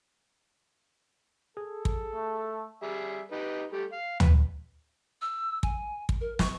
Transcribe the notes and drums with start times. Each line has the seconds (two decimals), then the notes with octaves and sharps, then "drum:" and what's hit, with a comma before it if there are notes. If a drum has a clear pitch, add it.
1.57 G#4 A4
1.85 drum: kick
2.16 A3
2.82 G3 G#4 E5
3.32 D#4 G4 B4
3.72 G3 A3 G4
3.92 F5
4.20 B4, drum: tom
5.22 E6
5.63 G#5, drum: kick
6.09 drum: kick
6.21 A#4
6.39 C#6, drum: snare